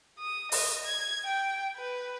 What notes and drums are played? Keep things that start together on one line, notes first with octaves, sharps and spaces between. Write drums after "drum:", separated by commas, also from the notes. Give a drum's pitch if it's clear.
D#6
D#5, drum: open hi-hat
G#6
G5
B4